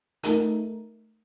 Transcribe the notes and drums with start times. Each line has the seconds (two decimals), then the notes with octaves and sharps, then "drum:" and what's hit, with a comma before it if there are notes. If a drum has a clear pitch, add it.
0.23 A3 D#4 A#4, drum: hi-hat